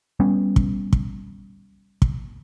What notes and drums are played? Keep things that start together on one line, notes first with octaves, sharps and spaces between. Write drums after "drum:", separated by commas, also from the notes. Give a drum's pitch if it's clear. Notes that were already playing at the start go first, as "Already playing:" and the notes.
G3 B3 C#4
drum: kick
drum: kick
drum: kick